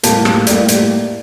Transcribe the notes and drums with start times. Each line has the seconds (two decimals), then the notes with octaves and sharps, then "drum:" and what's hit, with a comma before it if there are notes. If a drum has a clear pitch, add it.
0.03 A2 G3 A#3 A5, drum: hi-hat
0.25 drum: rim click
0.47 A2 G3 A#3 D5, drum: hi-hat
0.68 drum: hi-hat